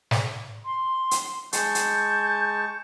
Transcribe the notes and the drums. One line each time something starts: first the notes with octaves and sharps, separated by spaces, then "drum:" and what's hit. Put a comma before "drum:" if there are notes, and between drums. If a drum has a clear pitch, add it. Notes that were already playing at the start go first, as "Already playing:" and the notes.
drum: snare
C6
drum: hi-hat
G#3 A5 C#6 G6, drum: hi-hat
drum: hi-hat